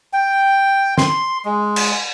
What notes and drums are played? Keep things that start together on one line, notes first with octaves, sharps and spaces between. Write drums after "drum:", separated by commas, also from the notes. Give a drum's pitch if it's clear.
G5
C6, drum: snare
G#3
drum: cymbal